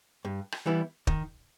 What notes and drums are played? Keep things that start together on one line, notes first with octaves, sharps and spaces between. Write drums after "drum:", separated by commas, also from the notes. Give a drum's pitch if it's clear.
G2
drum: rim click
E3 G3 B3 E4
D#3, drum: kick